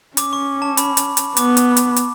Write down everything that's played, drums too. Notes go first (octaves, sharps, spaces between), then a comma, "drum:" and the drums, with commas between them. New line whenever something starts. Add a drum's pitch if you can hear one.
C#4 D6, drum: hi-hat
C#6
A5
B5, drum: hi-hat
drum: hi-hat
drum: hi-hat
B3 D6, drum: hi-hat
drum: hi-hat
drum: hi-hat
drum: hi-hat